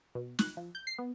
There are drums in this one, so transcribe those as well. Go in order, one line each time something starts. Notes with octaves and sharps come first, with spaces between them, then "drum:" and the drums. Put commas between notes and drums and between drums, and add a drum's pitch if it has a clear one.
B2
F#6, drum: snare
F3
G6
C7
B3